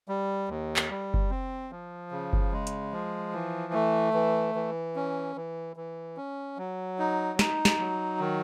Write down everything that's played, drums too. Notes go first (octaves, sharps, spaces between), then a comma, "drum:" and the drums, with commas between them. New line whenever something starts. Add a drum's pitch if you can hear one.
G3
D#2
drum: clap
G3
drum: kick F#1
C4
F3
C#3
drum: kick F#1
G#3
drum: hi-hat
F3
E3
A3
E3
E3
C#4
E3
E3
C#4
F#3
D#4
D#4, drum: snare
drum: snare
F#3
D#3